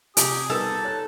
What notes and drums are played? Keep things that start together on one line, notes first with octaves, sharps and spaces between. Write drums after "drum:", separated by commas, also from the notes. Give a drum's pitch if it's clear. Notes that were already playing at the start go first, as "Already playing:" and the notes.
C3 G4 G#5 D#6, drum: hi-hat
G3 B3 D#4 A4 A#4
C#5 A5 F#6